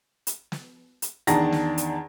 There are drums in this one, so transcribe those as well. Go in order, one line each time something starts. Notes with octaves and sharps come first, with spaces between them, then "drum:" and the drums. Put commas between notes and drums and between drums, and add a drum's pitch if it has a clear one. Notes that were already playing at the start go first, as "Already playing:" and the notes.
drum: hi-hat
drum: snare
drum: hi-hat
E2 D#3 D4 A5 A#5 A#6, drum: hi-hat
drum: snare
drum: hi-hat